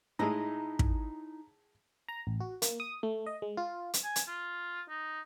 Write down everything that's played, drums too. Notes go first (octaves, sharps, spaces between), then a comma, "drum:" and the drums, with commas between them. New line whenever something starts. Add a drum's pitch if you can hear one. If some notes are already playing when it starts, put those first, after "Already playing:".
A2 G#3 D#4 E4 G#4 D#5 A#5
drum: kick
A#5
A1
F#4
A#3, drum: hi-hat
D#6
A3
D#5
G#3
F4
drum: hi-hat
G#5
drum: hi-hat
F4
D#4